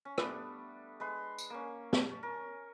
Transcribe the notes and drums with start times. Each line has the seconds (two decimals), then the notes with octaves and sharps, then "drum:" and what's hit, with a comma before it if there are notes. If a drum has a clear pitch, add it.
0.05 C#4
0.18 G3 A3 B3 D4, drum: rim click
1.00 G#3 B4 C6
1.38 drum: tambourine
1.50 A#3 C#4
1.93 C#4 A5, drum: snare
2.23 A#4